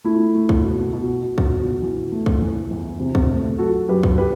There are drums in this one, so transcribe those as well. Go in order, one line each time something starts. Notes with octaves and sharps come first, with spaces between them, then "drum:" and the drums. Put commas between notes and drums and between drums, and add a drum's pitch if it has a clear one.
A3 E4
A3
drum: kick
B2
B2
B2
drum: kick
B2
E3
A3
drum: kick
E3
E2
C3
drum: kick
A3
F#3 F#4 A4
F#2 G4 B4
drum: kick
G4 B4